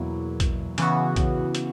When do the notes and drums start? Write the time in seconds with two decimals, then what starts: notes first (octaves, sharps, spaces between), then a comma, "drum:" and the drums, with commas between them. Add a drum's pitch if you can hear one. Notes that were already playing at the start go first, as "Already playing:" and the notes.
Already playing: E2 B2 F#3 A#3 E4
0.40 drum: kick A#1, hi-hat
0.78 C#3 E3 B3 F#4, drum: hi-hat
1.16 drum: kick A#1, hi-hat
1.55 drum: hi-hat